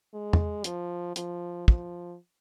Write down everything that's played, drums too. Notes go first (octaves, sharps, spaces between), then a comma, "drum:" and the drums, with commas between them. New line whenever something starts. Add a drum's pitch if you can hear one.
G#3
drum: tom
F3, drum: hi-hat
F3, drum: hi-hat
F3, drum: kick